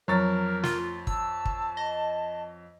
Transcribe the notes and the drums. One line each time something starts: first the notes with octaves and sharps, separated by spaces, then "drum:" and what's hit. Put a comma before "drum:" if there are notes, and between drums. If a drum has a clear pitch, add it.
F2 F#3 A#4 C#5 A6
F4, drum: snare
A5 E6, drum: kick
drum: kick
D#5